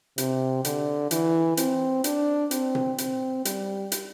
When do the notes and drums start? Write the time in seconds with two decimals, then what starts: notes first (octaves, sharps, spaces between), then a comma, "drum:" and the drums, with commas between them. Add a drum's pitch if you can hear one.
0.18 C3, drum: hi-hat
0.65 D3, drum: hi-hat
1.11 E3, drum: hi-hat
1.57 C4, drum: hi-hat
2.04 D4, drum: hi-hat
2.51 C4, drum: hi-hat
2.75 drum: tom B2
2.98 C4, drum: hi-hat
3.45 G3, drum: hi-hat
3.92 drum: hi-hat